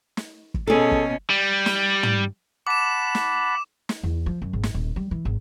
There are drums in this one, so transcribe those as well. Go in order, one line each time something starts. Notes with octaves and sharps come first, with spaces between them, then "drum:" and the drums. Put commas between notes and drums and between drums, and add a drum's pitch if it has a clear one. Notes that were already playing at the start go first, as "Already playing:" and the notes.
drum: snare
drum: kick
B2 C#4 G#4 A4
drum: kick
G3
drum: snare
drum: tom
F#5 A5 B5 D6 E7
drum: snare
drum: snare
E2
F3
F#2
G#1
drum: snare
D#1
G3
E3
G#1